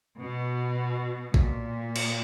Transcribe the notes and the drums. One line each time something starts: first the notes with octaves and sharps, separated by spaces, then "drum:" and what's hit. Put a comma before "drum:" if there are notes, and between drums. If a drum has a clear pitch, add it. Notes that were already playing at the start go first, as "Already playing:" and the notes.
B2
A#2, drum: kick
drum: cymbal